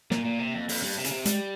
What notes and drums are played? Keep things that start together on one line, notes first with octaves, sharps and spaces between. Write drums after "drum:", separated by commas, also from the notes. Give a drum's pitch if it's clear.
A#2 A#3, drum: snare
A#2
C3
F2
F2, drum: open hi-hat
G2
C3
C#3, drum: hi-hat
C3
G3 G#3, drum: hi-hat